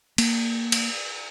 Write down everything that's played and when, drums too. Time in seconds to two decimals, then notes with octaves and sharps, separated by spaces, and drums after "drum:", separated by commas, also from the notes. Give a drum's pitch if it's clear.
0.18 A#3, drum: cymbal
0.72 drum: cymbal